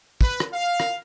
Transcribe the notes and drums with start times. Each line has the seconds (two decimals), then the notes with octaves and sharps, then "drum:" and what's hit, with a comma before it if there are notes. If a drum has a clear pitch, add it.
0.21 B4, drum: kick, tambourine
0.40 drum: rim click
0.53 F5
0.80 drum: rim click